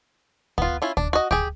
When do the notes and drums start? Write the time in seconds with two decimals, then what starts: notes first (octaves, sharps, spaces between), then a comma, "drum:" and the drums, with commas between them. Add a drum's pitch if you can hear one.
0.58 B3 F4, drum: kick
0.82 C#4 E4 F4
0.97 D4, drum: kick
1.13 F#4 D#5
1.31 G4 G#4, drum: kick